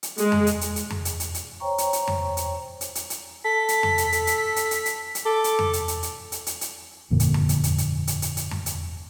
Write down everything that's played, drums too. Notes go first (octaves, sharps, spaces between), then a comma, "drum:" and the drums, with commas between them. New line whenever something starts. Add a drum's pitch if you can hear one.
drum: hi-hat
G#3, drum: hi-hat
drum: tom F2
drum: hi-hat
drum: hi-hat
drum: hi-hat
drum: tom F2
drum: hi-hat
drum: hi-hat
drum: hi-hat
C5 C#5 G5 A#5 C#6
drum: hi-hat
drum: hi-hat
drum: tom F2
drum: hi-hat
drum: hi-hat
drum: hi-hat
drum: hi-hat
A4 B6
drum: hi-hat
drum: tom F2
drum: hi-hat
A4, drum: hi-hat
drum: hi-hat
drum: hi-hat
drum: hi-hat
drum: hi-hat
drum: hi-hat
A4 D6
drum: hi-hat
drum: tom F2
drum: hi-hat
drum: hi-hat
drum: hi-hat
drum: hi-hat
drum: hi-hat
drum: hi-hat
G1 F2 A#2 D3
drum: hi-hat
drum: tom F2
drum: hi-hat
drum: hi-hat
drum: hi-hat
drum: hi-hat
drum: hi-hat
drum: hi-hat
drum: tom F2
drum: hi-hat